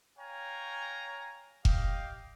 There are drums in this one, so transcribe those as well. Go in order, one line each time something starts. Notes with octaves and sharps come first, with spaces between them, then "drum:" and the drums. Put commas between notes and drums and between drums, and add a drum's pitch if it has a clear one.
C#5 F5 G5 G#5 A#5
G4 D#5 F5 G5, drum: kick F1